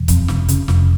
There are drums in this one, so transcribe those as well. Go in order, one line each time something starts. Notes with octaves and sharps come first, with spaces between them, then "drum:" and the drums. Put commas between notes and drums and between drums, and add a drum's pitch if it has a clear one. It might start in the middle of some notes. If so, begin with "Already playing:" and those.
Already playing: E1
F2, drum: kick C#1, hi-hat
F1, drum: snare
C#3, drum: hi-hat
F1, drum: snare